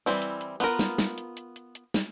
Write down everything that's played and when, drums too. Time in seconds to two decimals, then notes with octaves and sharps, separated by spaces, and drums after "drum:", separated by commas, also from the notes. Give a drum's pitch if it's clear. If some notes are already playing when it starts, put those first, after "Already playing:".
0.06 E3 G3 C4 E4
0.22 drum: hi-hat
0.41 drum: hi-hat
0.60 B3 F4 A#4, drum: hi-hat
0.79 drum: snare
0.98 drum: snare
1.18 drum: hi-hat
1.37 drum: hi-hat
1.56 drum: hi-hat
1.75 drum: hi-hat
1.94 drum: snare